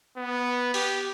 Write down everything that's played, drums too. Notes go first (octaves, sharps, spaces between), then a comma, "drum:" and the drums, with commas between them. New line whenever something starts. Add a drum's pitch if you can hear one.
B3
G4, drum: open hi-hat